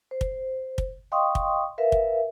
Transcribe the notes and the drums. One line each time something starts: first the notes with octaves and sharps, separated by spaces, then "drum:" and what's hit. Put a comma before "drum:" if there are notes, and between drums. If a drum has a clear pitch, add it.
C5
drum: kick
drum: kick
D#5 F5 G5 C6 C#6 D#6
drum: kick
A#4 B4 E5 F5
drum: kick